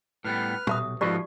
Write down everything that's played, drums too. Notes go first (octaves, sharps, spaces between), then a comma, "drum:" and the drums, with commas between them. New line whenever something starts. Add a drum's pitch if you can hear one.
A2 G3 B3 B4 F6
B1 G4 E5 D#6, drum: tom
G#2 F3 F#4 G4 A4 B4 D5 D#5